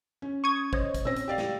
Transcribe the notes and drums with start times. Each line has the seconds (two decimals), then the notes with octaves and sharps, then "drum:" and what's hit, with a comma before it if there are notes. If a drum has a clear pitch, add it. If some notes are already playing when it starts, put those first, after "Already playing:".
0.22 C#4
0.44 C#6 D#6 G#6
0.73 C5 C#5 D#5, drum: kick
0.94 drum: kick, hi-hat
1.05 A#2 C4 C#4 E6 A#6
1.16 drum: hi-hat
1.28 G4 D5 F5
1.38 drum: snare